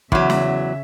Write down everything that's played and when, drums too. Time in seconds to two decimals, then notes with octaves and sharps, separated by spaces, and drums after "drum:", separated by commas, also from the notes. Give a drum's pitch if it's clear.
0.12 E2 C#3 F#3 E5, drum: kick
0.30 drum: snare